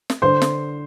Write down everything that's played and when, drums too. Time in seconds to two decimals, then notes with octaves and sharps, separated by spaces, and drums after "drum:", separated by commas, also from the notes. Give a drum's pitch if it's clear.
0.10 drum: snare
0.22 D3 C5 C6
0.42 drum: snare